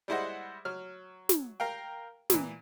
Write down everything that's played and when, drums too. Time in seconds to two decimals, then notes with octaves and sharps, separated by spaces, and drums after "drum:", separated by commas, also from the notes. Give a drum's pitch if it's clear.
0.08 G3 G#3 E4 C5 D#5 F#5
0.65 F#3 F6
1.29 drum: snare
1.60 A#4 F5 G5
2.30 A#2 E3, drum: snare